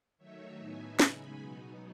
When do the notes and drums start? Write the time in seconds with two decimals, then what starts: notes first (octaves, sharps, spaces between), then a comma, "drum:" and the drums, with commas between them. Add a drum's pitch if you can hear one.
0.18 D#3 F#3 A3 D#4 C#5 E5
0.58 A2 F#3 B3 D#4 E5 G#5
0.99 C#3 G#3 D#4 G#5 B5, drum: snare
1.40 B2 F#3 B3 D#4